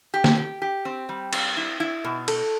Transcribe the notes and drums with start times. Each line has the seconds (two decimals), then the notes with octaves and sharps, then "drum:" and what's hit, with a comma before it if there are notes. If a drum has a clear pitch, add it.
0.14 G4
0.24 drum: snare
0.37 G4
0.62 G4
0.85 C4
1.09 G3
1.33 C4, drum: cymbal
1.57 E4
1.80 E4
2.04 B2
2.28 A4, drum: cymbal